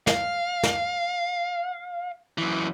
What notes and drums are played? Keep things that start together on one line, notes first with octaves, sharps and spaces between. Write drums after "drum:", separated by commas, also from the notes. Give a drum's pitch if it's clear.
F5, drum: snare
drum: snare
F#2 E3